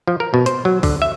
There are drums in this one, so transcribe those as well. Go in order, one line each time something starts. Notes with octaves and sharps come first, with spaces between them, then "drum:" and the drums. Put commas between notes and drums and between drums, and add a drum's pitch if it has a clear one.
F3
A#4
B2
C5, drum: hi-hat
F#3
D3, drum: kick, open hi-hat
E5